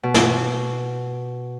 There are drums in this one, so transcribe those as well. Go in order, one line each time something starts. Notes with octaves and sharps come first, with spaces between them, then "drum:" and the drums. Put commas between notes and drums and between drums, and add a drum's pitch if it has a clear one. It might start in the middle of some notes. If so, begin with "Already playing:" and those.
B2
drum: snare